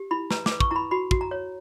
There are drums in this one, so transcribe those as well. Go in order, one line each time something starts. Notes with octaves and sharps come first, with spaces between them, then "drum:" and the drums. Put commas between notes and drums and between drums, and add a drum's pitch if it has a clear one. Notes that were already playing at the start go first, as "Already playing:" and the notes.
Already playing: G4
E4 B5
B4 A#5, drum: snare
D6, drum: snare
B4
C#6, drum: kick
E4 A#5 B5
F#4 B5
F#4, drum: kick
A#5
C#5